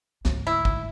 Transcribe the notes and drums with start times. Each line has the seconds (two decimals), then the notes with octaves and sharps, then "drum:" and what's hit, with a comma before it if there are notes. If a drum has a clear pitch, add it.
0.25 D2 G#2, drum: snare
0.47 E4
0.65 drum: kick